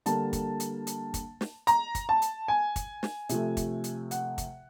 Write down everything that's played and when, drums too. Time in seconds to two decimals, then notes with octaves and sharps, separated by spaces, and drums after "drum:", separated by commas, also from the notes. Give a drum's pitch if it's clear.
0.06 D3 G3 A#3 A5, drum: hi-hat
0.33 drum: kick, hi-hat
0.60 drum: hi-hat
0.87 drum: hi-hat
1.14 drum: kick, hi-hat
1.41 drum: snare
1.67 A#5, drum: hi-hat
1.95 drum: kick, hi-hat
2.09 A5
2.22 drum: hi-hat
2.48 G#5
2.76 drum: kick, hi-hat
3.03 drum: snare
3.29 C3 F3 A3, drum: hi-hat
3.57 drum: kick, hi-hat
3.84 drum: hi-hat
4.11 F#5, drum: hi-hat
4.38 drum: kick, hi-hat